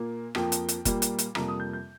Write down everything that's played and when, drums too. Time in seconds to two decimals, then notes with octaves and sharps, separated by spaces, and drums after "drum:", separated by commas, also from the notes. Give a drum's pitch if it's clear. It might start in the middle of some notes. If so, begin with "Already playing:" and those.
Already playing: A#2 A#3
0.35 F2 F3 A#3 G5, drum: rim click
0.52 drum: hi-hat
0.69 drum: hi-hat
0.85 A#2 G3 A#3, drum: kick F#1, hi-hat
1.02 drum: hi-hat
1.19 drum: hi-hat
1.35 F2 C3 G3 A#3 A#5, drum: rim click
1.48 D#6
1.60 G6
1.73 G6